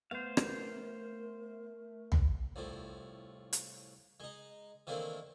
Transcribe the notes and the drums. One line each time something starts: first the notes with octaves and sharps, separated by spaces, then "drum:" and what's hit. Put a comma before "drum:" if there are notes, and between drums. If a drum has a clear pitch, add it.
A3 B3 C5 F5
A#4, drum: rim click
drum: tom
C2 A2 F3
drum: hi-hat
G#3 D#4
D#3 E3 A3 A#3 C4 D4